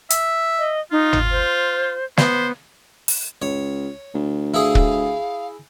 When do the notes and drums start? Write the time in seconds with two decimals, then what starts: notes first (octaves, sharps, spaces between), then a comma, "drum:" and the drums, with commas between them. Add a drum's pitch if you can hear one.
0.10 E5, drum: hi-hat
0.59 D#5
0.92 D#4 F4
1.13 drum: tom
1.31 C5
2.17 B3 C5, drum: snare
3.08 drum: open hi-hat
3.42 C#2 C#5
4.15 D2
4.54 E4 G#4 F5
4.75 drum: kick